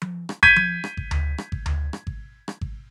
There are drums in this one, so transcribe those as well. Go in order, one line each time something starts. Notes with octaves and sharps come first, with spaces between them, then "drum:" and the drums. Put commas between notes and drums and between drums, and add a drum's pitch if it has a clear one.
drum: tom F3
drum: rim click
G6 G#6 B6 D#7, drum: kick G#1
drum: tom F3
drum: rim click
drum: kick G#1
drum: tom D2
drum: rim click
drum: kick G#1
drum: tom D2
drum: rim click
drum: kick G#1
drum: rim click
drum: kick G#1